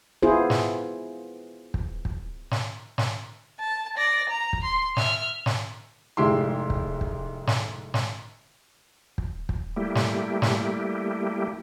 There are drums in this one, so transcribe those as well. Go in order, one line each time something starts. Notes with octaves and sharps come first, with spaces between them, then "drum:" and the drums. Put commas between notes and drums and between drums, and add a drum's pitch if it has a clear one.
B3 E4 F4 G#4 C5
drum: snare
drum: kick
drum: kick
drum: snare
drum: snare
A5
D5 A#6
A#5
drum: kick
C6
E5 F6, drum: snare
drum: snare
F1 G#2 E4 G4 C6
drum: kick
drum: kick
drum: snare
drum: snare
drum: kick
drum: kick
G3 A3 A#3 E4 G4
drum: snare
drum: snare